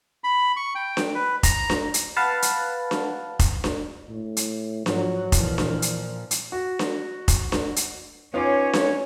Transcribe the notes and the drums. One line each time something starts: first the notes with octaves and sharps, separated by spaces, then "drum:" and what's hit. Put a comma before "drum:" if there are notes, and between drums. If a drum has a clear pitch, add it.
B5
C#6
G5
drum: snare D4
B4
A#5, drum: kick F1, hi-hat
drum: snare D4
drum: hi-hat
B4 F5 F#5 A5
drum: hi-hat
drum: snare D4
drum: kick F1, hi-hat
drum: snare D4
A2
drum: hi-hat
G#2 F3 F#3, drum: snare D4
A#2 E3 F3, drum: kick F1, hi-hat
drum: snare D4
drum: hi-hat
drum: hi-hat
F#4
drum: snare D4
drum: kick F1, hi-hat
drum: snare D4
drum: hi-hat
B3 C#4 D#4 F4 C#5 F5 D6
drum: snare D4